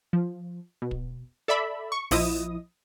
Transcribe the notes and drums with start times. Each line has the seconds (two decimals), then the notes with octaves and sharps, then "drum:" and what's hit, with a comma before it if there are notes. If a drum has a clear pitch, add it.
0.13 F3
0.82 B2
0.91 drum: kick
1.48 A4 D5 E5 B5
1.92 C#6
2.11 A#1 F3 E4 D#5 D#6, drum: open hi-hat